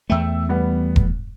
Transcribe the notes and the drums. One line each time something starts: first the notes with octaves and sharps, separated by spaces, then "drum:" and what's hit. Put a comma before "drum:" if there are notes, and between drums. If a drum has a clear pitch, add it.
E2 A3 E5 G5 E6
G3 B3
drum: kick E1